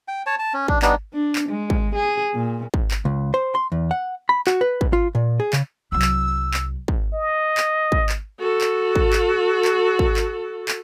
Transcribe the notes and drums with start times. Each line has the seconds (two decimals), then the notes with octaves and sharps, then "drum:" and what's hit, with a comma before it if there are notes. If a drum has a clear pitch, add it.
0.08 G5
0.26 C#5 A5
0.39 A5
0.54 C#4
0.68 D4, drum: kick
0.82 G3 B3 D4 D#4, drum: clap
1.13 D4
1.35 drum: clap
1.49 G#3
1.70 drum: kick
1.95 G#4
2.34 A#2
2.74 drum: kick
2.91 drum: clap
3.05 C#2
3.34 C5
3.55 C6
3.72 E2
3.91 F#5
4.29 B5
4.47 F#4, drum: clap
4.61 B4
4.81 drum: kick
4.93 F4
5.15 A#2
5.40 G#4
5.53 C#3, drum: clap
5.92 C2 F#3 E6
6.02 drum: clap
6.54 drum: clap
6.88 drum: kick
7.13 D#5
7.57 drum: clap
7.92 drum: kick
8.09 drum: clap
8.39 F#4 A4
8.61 drum: clap
8.96 drum: kick
9.13 drum: clap
9.65 drum: clap
9.99 drum: kick
10.16 drum: clap
10.68 drum: clap